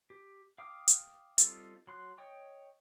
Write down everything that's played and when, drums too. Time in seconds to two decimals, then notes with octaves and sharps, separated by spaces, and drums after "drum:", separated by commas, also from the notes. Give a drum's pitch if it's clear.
0.10 G4
0.58 F5 G5 D6 D#6 F6
0.88 drum: hi-hat
1.38 G3 C4 D#4 F4 A4, drum: hi-hat
1.87 F#3 C6 F#6
2.18 C#5 D#5 G5 C#6